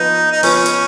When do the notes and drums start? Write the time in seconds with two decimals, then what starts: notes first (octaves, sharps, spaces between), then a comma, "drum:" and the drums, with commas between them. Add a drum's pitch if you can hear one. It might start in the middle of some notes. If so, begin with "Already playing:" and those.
Already playing: F3 B3 D#4 F4 B4
0.32 D#4
0.43 F3 B3 C#4 F4 B4, drum: open hi-hat
0.66 drum: hi-hat